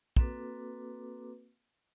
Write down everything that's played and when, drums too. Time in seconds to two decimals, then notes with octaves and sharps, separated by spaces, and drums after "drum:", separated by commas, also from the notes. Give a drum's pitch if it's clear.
0.17 A#3 C4 F#4 A4 B4 D6, drum: kick